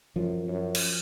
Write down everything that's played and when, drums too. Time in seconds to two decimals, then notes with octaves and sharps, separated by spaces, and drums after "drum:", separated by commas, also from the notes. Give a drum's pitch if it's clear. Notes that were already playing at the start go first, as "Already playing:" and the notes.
0.15 F#2 F3
0.48 F#2
0.75 drum: cymbal